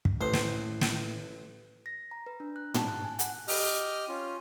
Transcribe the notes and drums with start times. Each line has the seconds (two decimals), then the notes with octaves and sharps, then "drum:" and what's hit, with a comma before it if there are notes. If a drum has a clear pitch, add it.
0.05 drum: kick
0.21 A1 A2 C5
0.33 drum: snare
0.81 drum: snare
1.86 A#6
2.11 A#5
2.26 B4
2.40 D4
2.56 F#6
2.74 A5, drum: tom
2.88 F#6
3.05 G#5
3.19 F#5, drum: hi-hat
3.48 G4 D#5 F6, drum: open hi-hat
4.08 C#4 F4